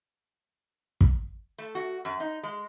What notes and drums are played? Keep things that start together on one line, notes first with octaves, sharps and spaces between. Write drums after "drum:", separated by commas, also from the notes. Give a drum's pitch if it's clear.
drum: kick
A3
F#4
F#2
D#4
G#3